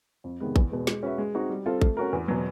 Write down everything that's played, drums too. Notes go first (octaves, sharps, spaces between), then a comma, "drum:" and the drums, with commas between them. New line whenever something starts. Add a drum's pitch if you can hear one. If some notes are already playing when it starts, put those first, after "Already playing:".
F2
C3 D#3 G#3 B3
E2, drum: kick
B2 G#3
G#3, drum: snare
C#4 F#4 B4 E5
G#3
C4 D#4 F#4
G3
C4 F4 A4
A3, drum: kick
C#4 F#4 A#4
E2
B2 F#3